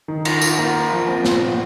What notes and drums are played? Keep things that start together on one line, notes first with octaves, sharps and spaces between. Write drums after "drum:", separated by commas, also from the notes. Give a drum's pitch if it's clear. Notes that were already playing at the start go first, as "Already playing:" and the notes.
D#3
F4, drum: cymbal
F4, drum: tambourine
A#3
F4
F3
C4
A#2, drum: snare
A#2